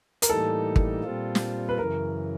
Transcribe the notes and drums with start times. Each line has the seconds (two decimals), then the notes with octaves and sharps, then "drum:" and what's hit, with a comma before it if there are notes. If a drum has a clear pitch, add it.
0.22 A#4, drum: hi-hat
0.29 A2 E3 G3 A#3 D#4 A4
0.76 drum: kick
1.03 A#2 G3 C4 F4
1.35 drum: snare
1.69 B4
1.78 F#2 C#3 E3 A#4